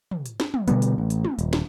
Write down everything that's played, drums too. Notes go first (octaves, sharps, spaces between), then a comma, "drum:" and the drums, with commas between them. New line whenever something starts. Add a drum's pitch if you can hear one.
drum: tom
drum: hi-hat
drum: snare
drum: tom
B2 D3 G3 B3, drum: hi-hat
drum: hi-hat
A1
drum: hi-hat
drum: tom
D#1, drum: hi-hat
drum: snare